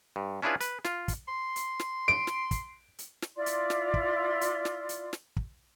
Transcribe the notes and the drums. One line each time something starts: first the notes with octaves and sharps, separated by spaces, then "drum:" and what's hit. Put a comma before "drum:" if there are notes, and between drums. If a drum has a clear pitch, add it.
G2
C#4 D4 E4 F4 G#4 B4
B4, drum: hi-hat
F4, drum: snare
drum: kick, hi-hat
C6
drum: hi-hat
drum: snare
D7
drum: snare
drum: kick, hi-hat
drum: hi-hat
drum: snare
E4 F4 D5 C6
drum: hi-hat
drum: snare
drum: kick
drum: hi-hat
drum: snare
drum: hi-hat
drum: snare
drum: kick